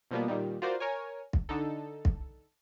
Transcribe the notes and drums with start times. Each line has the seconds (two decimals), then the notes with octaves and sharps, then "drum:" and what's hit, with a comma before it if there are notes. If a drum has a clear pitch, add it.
0.11 B2 F3 G3 A#3 B3
0.28 A#2 D#3 G3
0.62 F4 F#4 A#4 C5 D5
0.80 A#4 C#5 G#5
1.33 drum: kick
1.49 D3 D#4 A4
2.05 drum: kick